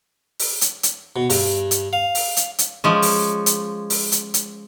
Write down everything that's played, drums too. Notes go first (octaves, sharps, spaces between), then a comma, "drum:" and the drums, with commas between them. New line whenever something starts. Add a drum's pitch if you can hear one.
drum: open hi-hat
drum: hi-hat
drum: hi-hat
B2
G2, drum: open hi-hat
drum: hi-hat
F5
drum: open hi-hat
drum: hi-hat
drum: hi-hat
F3 G#3 C#4
drum: open hi-hat
drum: hi-hat
drum: open hi-hat
drum: hi-hat
drum: hi-hat